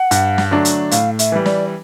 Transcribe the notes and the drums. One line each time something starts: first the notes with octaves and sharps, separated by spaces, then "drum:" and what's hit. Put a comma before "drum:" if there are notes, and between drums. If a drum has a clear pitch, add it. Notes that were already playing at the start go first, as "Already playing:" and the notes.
Already playing: F#5
G2, drum: hi-hat
drum: snare
D3 F#3 A3 D4
drum: hi-hat
A2 F5, drum: hi-hat
E5, drum: hi-hat
E3 G3
D5, drum: snare